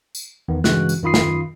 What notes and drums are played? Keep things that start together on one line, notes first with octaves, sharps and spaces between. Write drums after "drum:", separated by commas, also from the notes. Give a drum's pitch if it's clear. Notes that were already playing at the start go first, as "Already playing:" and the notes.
drum: tambourine
E2 D#3 B3
G2 C#3 E3 G#3 F#4 F#6, drum: snare
drum: tambourine
F#2 D#3 F4 B5 D#6 C7
drum: snare